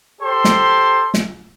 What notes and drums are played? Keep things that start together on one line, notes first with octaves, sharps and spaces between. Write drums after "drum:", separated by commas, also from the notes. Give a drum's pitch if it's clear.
G4 A4 C5 C6
drum: snare
drum: snare